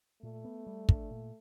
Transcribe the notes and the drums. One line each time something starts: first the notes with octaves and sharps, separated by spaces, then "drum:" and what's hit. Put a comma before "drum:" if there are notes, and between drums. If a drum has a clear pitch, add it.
A#2 A3
B3
G3
D4, drum: kick
A#2